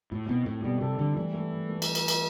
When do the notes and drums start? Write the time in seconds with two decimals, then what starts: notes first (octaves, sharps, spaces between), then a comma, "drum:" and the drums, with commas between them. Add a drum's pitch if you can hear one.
0.11 A2 E4
0.29 B2 C4
0.46 A2 A4
0.64 B2 G3
0.81 C3 A4
0.99 D3 G3
1.16 E3 A3
1.34 A3
1.52 A3
1.69 A3
1.82 drum: cymbal
1.95 drum: cymbal
2.08 drum: cymbal